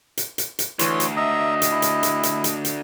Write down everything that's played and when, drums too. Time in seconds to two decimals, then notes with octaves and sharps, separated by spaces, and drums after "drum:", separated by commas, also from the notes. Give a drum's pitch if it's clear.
0.17 drum: hi-hat
0.38 drum: hi-hat
0.59 drum: hi-hat
0.79 D2 E3 C#5 C6, drum: hi-hat
1.00 drum: hi-hat
1.17 D#5 E5 A#5
1.62 drum: hi-hat
1.71 E4
1.82 drum: hi-hat
2.03 drum: hi-hat
2.23 drum: hi-hat
2.44 drum: hi-hat
2.65 drum: hi-hat